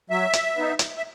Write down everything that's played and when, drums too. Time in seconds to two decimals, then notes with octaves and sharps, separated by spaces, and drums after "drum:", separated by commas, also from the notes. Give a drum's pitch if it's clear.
0.10 F#3 E5
0.33 drum: hi-hat
0.56 B3 D#4
0.79 drum: hi-hat
0.97 E5